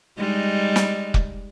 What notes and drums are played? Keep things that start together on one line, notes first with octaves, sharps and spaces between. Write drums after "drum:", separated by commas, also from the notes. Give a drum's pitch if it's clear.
G3 G#3 D#4
drum: snare
drum: kick